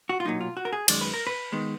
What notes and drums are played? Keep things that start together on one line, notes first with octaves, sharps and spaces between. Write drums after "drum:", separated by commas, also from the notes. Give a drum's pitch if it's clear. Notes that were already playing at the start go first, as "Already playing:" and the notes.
F#4
F4
B1 A#2 F#3 D#4
F4
F#4
A#4
G#4
F#2 D#3 G#3 D5, drum: cymbal
B4
A#4
B4
D#3 G#3 B3